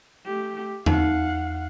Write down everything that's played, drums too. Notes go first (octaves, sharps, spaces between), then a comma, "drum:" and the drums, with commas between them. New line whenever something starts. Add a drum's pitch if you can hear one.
A3 G4
D#4 F5 F#5, drum: tom E2